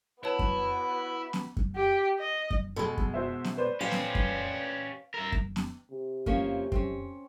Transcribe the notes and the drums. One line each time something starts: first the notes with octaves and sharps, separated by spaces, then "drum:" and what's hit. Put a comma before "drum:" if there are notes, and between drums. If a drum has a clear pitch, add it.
B3 E4 F#4 B4 C#5 A5 B5
drum: kick F#2
drum: snare B3
drum: kick F#2
G4
D#5
drum: kick F#2
B2 G#3 A4 B5
drum: kick F#2
F#4 C5 E5
drum: snare B3
B4 C5 D5
C#4 G4 F5
drum: snare B3
drum: kick F#2
A#4 E5
drum: kick F#2
drum: snare B3
C3
F3 A#3 C#4, drum: kick F#2
C4 C#4, drum: kick F#2